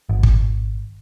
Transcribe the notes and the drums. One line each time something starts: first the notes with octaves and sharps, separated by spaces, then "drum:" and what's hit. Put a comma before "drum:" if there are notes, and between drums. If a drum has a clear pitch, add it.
G#1
drum: kick